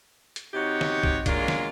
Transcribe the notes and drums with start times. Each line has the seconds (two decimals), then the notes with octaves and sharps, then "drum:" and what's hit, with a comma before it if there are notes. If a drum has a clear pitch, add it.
0.36 drum: hi-hat
0.54 C3 D#4 F#4 G4 C#5
0.81 drum: snare
1.03 drum: kick
1.26 F#3 G#3 A#3 D4 F4, drum: kick, hi-hat
1.48 drum: snare